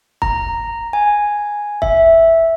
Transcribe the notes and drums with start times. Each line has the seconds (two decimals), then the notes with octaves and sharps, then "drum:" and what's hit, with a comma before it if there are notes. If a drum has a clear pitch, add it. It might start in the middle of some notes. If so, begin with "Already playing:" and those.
0.22 A#5, drum: kick
0.93 G#5
1.82 E5, drum: kick